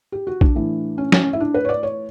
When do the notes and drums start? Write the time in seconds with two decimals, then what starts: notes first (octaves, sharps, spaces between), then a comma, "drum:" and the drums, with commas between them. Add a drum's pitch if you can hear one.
0.12 G4
0.27 F#4
0.41 D4, drum: kick
0.55 A2 E3
0.98 C#4
1.12 C#4, drum: snare
1.33 E4
1.40 D4
1.54 B4
1.65 C#5
1.69 D5
1.83 C#5